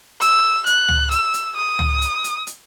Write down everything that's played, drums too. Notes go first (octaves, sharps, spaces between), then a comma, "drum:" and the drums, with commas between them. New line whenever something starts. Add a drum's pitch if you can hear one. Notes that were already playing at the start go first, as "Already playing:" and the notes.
E6, drum: hi-hat
F#6, drum: hi-hat
drum: tom
E6, drum: hi-hat
drum: hi-hat
D#6
drum: tom
drum: hi-hat
drum: hi-hat
drum: hi-hat